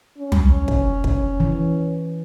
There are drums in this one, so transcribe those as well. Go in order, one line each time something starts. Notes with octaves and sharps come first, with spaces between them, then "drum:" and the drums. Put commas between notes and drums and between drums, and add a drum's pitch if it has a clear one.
C#4
drum: tom
drum: kick
drum: kick
E3